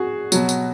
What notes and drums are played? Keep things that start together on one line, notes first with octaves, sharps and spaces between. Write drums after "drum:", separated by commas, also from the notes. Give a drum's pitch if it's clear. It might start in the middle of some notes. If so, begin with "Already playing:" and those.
Already playing: F#4 G#4
B2 F#3, drum: tambourine
drum: tambourine